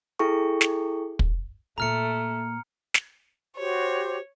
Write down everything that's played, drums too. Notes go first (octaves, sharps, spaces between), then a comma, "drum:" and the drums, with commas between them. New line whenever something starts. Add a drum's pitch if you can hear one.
E4 G#4 A4 G5 C#6
drum: snare
drum: kick
A#2 A3 A#3 A#5 F6 C#7
drum: snare
F#4 G4 C5 C#5